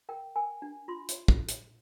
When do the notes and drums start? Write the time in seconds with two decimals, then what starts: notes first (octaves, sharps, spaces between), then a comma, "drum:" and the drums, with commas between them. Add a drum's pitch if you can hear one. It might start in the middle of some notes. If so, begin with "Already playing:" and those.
0.09 A#4 G5
0.36 A#4 G#5
0.62 D4
0.88 F4 C6
1.09 drum: hi-hat
1.28 drum: kick
1.48 drum: hi-hat